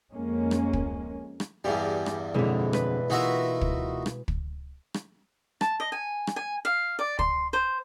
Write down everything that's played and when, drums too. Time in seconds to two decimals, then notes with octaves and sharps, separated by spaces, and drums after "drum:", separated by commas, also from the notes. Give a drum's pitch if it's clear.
0.12 F2 G#3 A#3 C#4
0.51 drum: rim click
0.73 drum: kick
1.40 drum: rim click
1.64 E2 G2 G3 G4 G#4
2.06 drum: rim click
2.34 F2 B2 D3 G#3 E4
2.73 B4, drum: rim click
3.10 E3 A#3 D#4 F4 F#4 E5
3.61 drum: kick
4.06 drum: rim click
4.28 drum: kick
4.94 drum: rim click
5.61 A5, drum: rim click
5.80 D#5
5.92 G#5
6.27 drum: rim click
6.36 G#5
6.65 F5
6.99 D5
7.19 C6, drum: kick
7.53 C5